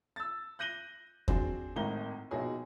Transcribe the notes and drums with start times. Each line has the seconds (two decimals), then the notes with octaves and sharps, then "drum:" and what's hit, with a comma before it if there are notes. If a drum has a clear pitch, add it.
0.16 E6 A6
0.59 F#6 G6 A#6 D#7 F#7 G7
1.28 C4 D4 F#4 G#4 C5, drum: kick E2
1.76 G#1 A2 D#3 A#5 G7
2.31 A#1 B2 D#4 F#4 G#4 C#5